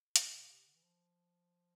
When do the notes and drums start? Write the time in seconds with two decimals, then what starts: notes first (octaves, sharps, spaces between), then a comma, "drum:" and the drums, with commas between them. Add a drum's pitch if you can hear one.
0.16 A2, drum: hi-hat
0.32 B2
0.49 C3
0.66 D3
0.75 E3
0.83 F3